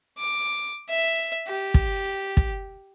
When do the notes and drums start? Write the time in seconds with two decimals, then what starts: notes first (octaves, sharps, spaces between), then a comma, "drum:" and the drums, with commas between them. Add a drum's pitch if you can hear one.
0.18 D6
0.89 E5
1.48 G4
1.74 drum: kick
2.37 drum: kick